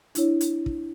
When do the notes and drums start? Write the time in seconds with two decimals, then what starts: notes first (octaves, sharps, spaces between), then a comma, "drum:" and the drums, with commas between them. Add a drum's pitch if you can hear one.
0.15 D4 E4 C#5, drum: hi-hat
0.41 drum: hi-hat
0.66 drum: kick